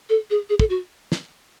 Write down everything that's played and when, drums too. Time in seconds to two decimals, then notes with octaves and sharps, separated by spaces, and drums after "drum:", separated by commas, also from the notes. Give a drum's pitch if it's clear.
0.09 A4
0.30 G#4
0.50 G#4
0.59 A4, drum: kick
0.70 F#4
1.12 drum: snare